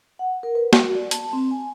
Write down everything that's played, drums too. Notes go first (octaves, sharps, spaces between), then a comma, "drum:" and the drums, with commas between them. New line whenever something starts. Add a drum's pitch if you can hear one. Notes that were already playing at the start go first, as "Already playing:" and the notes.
F#5
A#4
B4
F#4, drum: snare
D5
A5, drum: hi-hat
C4
G#5